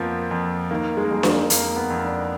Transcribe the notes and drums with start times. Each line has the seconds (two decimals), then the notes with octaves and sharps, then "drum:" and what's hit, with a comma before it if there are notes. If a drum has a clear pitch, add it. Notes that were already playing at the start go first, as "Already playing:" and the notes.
Already playing: F2 F3 A#3 B3
0.31 F2
0.71 D#3 A#3
0.97 G#3
1.05 A#3
1.11 F2 G#3
1.23 A#3, drum: snare D4
1.50 F2 A#3, drum: hi-hat
1.77 B3
1.90 F2
2.04 D4